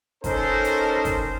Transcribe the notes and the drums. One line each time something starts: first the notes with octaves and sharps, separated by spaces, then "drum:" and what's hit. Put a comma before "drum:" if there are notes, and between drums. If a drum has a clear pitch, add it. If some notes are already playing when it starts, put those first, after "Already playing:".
C#4 D#4 A4 A#4 C5, drum: kick, hi-hat
drum: hi-hat
drum: kick, hi-hat